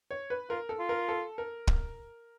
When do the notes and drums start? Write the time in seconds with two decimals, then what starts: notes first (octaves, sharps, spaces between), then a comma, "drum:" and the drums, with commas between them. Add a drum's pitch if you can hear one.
0.11 C#5
0.30 B4
0.50 F4 A#4
0.69 A4
0.79 F4
0.89 A#4
1.09 A4
1.38 A#4
1.67 drum: kick